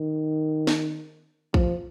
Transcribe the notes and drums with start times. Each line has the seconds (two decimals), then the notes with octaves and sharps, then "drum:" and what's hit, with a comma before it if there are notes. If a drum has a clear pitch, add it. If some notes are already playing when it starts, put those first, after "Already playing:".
Already playing: D#3
0.67 drum: snare
1.54 F3, drum: kick